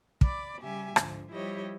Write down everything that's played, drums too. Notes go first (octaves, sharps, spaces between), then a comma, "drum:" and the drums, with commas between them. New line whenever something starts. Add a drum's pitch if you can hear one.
D5 B5 D6, drum: kick
C#3 G3 G4 E5 G#5
G#2 D3 F3, drum: rim click
F3 G3 E4 G4 C#5 D#5